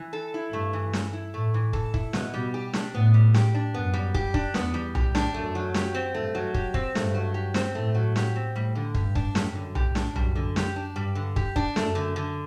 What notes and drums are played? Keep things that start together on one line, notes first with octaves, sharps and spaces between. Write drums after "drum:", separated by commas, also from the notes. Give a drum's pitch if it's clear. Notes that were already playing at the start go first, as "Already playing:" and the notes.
Already playing: E3
A4
E4
G2 A3
E3
A4, drum: snare
E4
A2 A3
E3
A4, drum: kick
E4, drum: kick
B2 B3, drum: snare
G3
G4
D4, drum: snare
A2 B3
G3
G4, drum: snare
D4
F#2 B3
G3
G4, drum: kick
D4, drum: kick
E2 B3, drum: snare
G3
G4, drum: tom B1
D4, drum: snare
F#2 A3
F#3
G4, drum: snare
C4
G2 A3
F#3
G4, drum: kick
C4, drum: kick
G2 A3, drum: snare
F#3
G4
C4, drum: snare
A2 A3
F#3
G4, drum: snare
C4
A2 G3
D3
G2 G4, drum: kick
D4, drum: kick
F#2 G3, drum: snare
D3
G4, drum: tom B1
D4, drum: snare
F#2 G3, drum: tom B1
D3
G4, drum: snare
D4
G2 G3
D3
G4, drum: kick
D4, drum: kick
F#2 A3, drum: snare
D3
D3